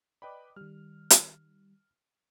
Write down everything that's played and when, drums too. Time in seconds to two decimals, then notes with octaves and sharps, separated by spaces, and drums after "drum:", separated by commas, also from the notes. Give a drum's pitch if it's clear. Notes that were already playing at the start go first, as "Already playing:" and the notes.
0.22 B4 D5 D#5 G5 B5 D6
0.56 D#3 G3 F6
1.10 drum: hi-hat